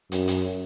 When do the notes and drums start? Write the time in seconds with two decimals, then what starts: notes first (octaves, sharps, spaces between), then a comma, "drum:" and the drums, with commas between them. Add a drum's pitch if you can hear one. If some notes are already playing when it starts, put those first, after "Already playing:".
0.12 F#2, drum: hi-hat
0.28 drum: hi-hat